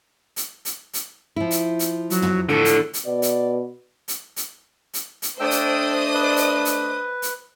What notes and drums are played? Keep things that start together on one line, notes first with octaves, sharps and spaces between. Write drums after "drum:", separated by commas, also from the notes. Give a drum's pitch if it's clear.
drum: hi-hat
drum: hi-hat
drum: hi-hat
F3 E4
drum: hi-hat
drum: hi-hat
F#3, drum: hi-hat
drum: tom
A2 D3 A4
drum: hi-hat
drum: hi-hat
B2 D5
drum: hi-hat
drum: hi-hat
drum: hi-hat
drum: hi-hat
drum: hi-hat
A3 D4 C5 D#5 G5 D#6 E6
drum: hi-hat
B4
drum: hi-hat
drum: hi-hat
drum: hi-hat